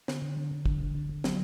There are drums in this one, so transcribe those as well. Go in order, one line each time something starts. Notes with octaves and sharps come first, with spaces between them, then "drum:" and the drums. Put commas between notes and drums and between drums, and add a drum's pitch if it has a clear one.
D3, drum: snare
D3
D3
D3
D3, drum: kick
D3
D3
D3
F#3, drum: snare